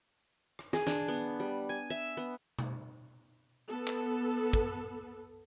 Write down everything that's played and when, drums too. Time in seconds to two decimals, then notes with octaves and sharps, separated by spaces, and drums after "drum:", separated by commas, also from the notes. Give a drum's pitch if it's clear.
0.59 drum: rim click
0.73 G#4, drum: snare
0.87 D4, drum: snare
1.08 B3
1.40 G3
1.69 G#5
1.90 E5
2.17 B3
2.59 drum: tom B2
3.70 B3 A4
3.87 drum: clap
4.53 drum: kick